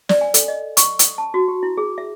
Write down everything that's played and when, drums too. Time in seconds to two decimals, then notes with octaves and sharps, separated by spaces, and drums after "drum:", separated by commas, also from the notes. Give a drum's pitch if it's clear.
0.09 D5, drum: snare
0.21 G#5
0.34 A4, drum: hi-hat
0.48 D#5
0.77 C#6, drum: hi-hat
0.99 D#6, drum: hi-hat
1.18 A5
1.34 F#4
1.48 G4
1.63 E4
1.77 G#4
1.98 E5